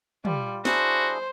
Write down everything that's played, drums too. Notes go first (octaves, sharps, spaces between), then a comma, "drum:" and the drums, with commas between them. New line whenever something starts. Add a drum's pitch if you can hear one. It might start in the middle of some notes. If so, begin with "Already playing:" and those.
G3 F4, drum: tom
D4 E4 F#4 G#4 C5, drum: snare